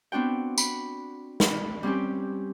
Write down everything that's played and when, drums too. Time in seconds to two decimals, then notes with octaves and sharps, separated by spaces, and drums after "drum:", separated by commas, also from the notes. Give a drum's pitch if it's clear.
0.12 B3 C4 D4 F#4 G5
0.58 B5, drum: tambourine
1.40 B5, drum: snare
1.83 G3 C4 C#4 G4